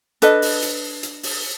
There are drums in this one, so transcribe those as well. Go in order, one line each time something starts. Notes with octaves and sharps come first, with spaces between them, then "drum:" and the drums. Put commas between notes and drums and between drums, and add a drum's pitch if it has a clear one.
D4 A4 B4 D#5, drum: hi-hat
drum: open hi-hat
drum: hi-hat
drum: hi-hat
drum: open hi-hat